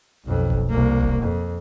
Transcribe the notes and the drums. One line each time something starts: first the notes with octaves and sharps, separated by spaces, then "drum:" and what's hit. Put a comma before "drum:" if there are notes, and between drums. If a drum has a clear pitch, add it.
B1 F2
drum: kick D#1
C2 A#3
drum: kick D#1
F2